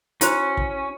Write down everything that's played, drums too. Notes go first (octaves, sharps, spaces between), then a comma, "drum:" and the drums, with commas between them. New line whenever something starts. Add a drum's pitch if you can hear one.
C#4 E4 F#4 C5, drum: hi-hat
drum: kick